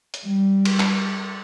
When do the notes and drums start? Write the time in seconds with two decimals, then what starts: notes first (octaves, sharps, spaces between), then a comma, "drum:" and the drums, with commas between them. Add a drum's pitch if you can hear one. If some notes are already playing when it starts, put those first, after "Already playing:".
0.14 drum: hi-hat
0.25 G3
0.65 drum: cymbal
0.80 drum: clap